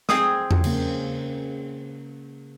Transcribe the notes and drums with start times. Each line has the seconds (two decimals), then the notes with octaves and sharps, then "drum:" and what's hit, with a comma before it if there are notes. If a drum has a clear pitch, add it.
0.09 C4 G#4 D#6, drum: snare
0.51 drum: tom E2
0.64 C#3 A#3, drum: cymbal